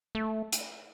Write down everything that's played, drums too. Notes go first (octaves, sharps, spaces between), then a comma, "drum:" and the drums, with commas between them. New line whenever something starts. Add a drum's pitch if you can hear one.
A3
drum: hi-hat